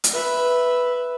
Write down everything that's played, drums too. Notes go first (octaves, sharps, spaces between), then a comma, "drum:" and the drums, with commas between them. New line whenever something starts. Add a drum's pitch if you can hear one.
drum: hi-hat
B4 E5